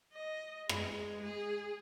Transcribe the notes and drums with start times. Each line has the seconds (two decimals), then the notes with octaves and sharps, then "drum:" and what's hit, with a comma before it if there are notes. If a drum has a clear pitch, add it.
0.13 D#5
0.69 G#3, drum: rim click
1.22 G#4